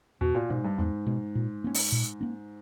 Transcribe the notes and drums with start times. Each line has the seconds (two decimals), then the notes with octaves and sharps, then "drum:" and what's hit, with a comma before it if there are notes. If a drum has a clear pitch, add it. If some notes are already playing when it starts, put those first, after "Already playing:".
0.21 E2 B2
0.35 A#2
0.50 G#2 B2 G#3
0.65 G2
0.78 E2 G#2
1.06 B2 G#3
1.35 A#2
1.64 A#3 C#4
1.74 drum: open hi-hat
1.92 A#2
2.21 A#3 C#4